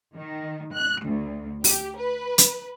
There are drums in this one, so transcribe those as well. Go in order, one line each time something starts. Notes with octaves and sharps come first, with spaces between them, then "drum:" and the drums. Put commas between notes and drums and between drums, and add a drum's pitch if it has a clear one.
D#3
F#6
D2
G4, drum: open hi-hat
B4
drum: hi-hat